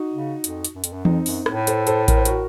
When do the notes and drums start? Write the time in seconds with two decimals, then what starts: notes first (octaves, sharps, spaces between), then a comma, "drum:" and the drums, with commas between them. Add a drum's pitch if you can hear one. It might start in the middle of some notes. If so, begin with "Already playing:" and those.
Already playing: D#4 F#4
0.13 C#3
0.44 F2, drum: hi-hat
0.64 drum: hi-hat
0.75 F#2
0.84 F2, drum: hi-hat
0.93 F#2
1.05 F2 C4 D#4, drum: tom E3
1.26 F#2, drum: open hi-hat
1.46 A2, drum: rim click
1.67 A4 C5, drum: hi-hat
1.87 A4 C5, drum: hi-hat
2.08 A#4, drum: kick A1, hi-hat
2.17 C5
2.25 F#4 A#4, drum: hi-hat